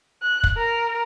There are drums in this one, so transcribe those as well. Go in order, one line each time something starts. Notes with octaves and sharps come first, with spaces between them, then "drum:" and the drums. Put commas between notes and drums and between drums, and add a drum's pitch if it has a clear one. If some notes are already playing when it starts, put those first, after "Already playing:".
F#6
drum: kick
A#4